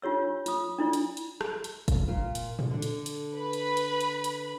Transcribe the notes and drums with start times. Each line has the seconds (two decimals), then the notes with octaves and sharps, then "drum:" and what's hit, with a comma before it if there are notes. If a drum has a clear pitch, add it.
0.02 D4 F4 G4 C#5 E6
0.46 F4 D#6, drum: hi-hat
0.79 D4 E4 F4 D5
0.93 drum: hi-hat
1.17 drum: hi-hat
1.41 drum: rim click
1.64 drum: hi-hat
1.88 drum: kick, hi-hat
2.08 A#2 F4
2.35 drum: hi-hat
2.59 drum: tom A2
2.71 D3 D4
2.82 drum: hi-hat
3.06 drum: hi-hat
3.35 B4 B5
3.53 drum: hi-hat
3.77 drum: hi-hat
4.01 drum: hi-hat
4.24 drum: hi-hat